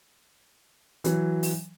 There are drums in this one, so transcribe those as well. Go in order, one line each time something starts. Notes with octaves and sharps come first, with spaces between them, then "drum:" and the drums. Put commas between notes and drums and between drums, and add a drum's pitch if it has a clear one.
E3 F#3, drum: hi-hat
drum: open hi-hat